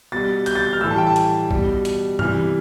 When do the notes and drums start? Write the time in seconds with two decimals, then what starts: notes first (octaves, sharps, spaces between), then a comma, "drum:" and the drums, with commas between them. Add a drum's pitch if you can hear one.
0.12 B2 G3 A6
0.46 G6, drum: hi-hat
0.55 A6
0.64 G6
0.73 F6
0.81 A2 E3 G3 E6
0.91 A5
0.98 G5
1.07 A5
1.16 drum: hi-hat
1.51 B2 G3, drum: kick
1.85 drum: hi-hat
2.19 C3 E3 G3 F6, drum: tom G2